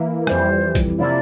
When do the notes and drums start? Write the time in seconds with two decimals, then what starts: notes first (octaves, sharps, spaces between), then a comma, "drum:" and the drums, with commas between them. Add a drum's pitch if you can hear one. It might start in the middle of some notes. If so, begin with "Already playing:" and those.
Already playing: E3 A#3 E4
0.27 F2 E3 G3 C5, drum: rim click
0.75 drum: kick, hi-hat
0.99 C3 F3 A#3 E4 D5